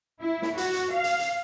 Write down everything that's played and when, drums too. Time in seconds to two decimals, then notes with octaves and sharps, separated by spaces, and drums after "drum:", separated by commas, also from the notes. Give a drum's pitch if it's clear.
0.19 E4
0.42 drum: snare
0.58 F#4, drum: hi-hat
0.73 drum: hi-hat
0.93 F5
1.04 drum: hi-hat
1.19 drum: hi-hat